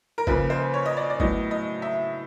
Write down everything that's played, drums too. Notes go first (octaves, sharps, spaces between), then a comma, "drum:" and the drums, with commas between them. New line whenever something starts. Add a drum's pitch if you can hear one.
A#4
C#3 F3 A#3 B4, drum: kick
C5
C#5
D#5
D5
D5
A2 F#3 B3 D#5, drum: kick
D#5
E5